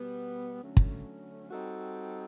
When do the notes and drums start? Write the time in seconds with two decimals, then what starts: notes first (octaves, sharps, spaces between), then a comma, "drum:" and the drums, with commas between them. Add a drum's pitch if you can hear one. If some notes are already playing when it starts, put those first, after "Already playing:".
Already playing: B2 G3 B3
0.63 D3 F#3 A3 C#4
0.77 drum: kick
1.50 G3 C4 D#4 F#4 A4